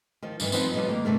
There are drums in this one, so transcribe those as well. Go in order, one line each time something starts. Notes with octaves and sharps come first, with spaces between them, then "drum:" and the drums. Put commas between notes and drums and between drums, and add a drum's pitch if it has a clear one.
D#3 F3
G2 D#3 E3, drum: tambourine
F3 B3 C4 D#4 C5 D#5, drum: tambourine
F3 G3 B3 A4 C#5 D#5
D#3 A#3
C3 A3 D4 A#4